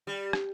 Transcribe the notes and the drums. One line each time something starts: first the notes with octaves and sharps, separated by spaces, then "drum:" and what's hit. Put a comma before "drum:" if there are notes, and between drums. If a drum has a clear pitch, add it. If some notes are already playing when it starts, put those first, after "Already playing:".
G3
drum: rim click